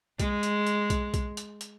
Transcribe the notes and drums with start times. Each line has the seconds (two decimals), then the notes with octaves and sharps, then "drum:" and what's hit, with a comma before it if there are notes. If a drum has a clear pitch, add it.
0.20 G#3, drum: kick B1, hi-hat
0.43 drum: hi-hat
0.67 drum: hi-hat
0.90 drum: kick B1, hi-hat
1.14 drum: kick B1, hi-hat
1.37 drum: hi-hat
1.61 drum: hi-hat